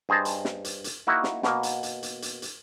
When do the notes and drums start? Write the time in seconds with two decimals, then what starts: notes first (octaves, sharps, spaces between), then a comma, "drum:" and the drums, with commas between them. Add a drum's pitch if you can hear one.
0.09 G2 G#4 C5 D#5 A5
0.25 drum: hi-hat
0.45 drum: snare
0.64 drum: hi-hat
0.84 drum: hi-hat
1.07 A#3 D#4 E4 F#4
1.24 drum: snare
1.43 B2 A#3, drum: snare
1.63 drum: hi-hat
1.83 drum: hi-hat
2.03 drum: hi-hat
2.22 drum: hi-hat
2.42 drum: hi-hat